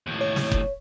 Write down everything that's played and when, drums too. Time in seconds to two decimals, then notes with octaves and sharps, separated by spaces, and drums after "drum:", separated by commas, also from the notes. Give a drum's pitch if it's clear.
0.07 D#2 A2
0.21 C#5
0.36 drum: snare
0.51 drum: kick F#1